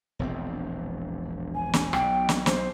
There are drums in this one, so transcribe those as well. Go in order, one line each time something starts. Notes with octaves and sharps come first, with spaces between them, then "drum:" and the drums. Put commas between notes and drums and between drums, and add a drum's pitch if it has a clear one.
E1 A#1 C4
G#5
drum: snare
B1 B2 G5, drum: rim click
drum: snare
C5, drum: snare